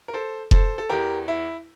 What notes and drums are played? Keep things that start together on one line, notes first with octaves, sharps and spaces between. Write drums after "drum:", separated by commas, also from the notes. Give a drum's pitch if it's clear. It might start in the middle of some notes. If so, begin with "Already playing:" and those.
A#4
A4 C5
A4 C5, drum: kick F1
A4
E2 E3 G4 A#4
E4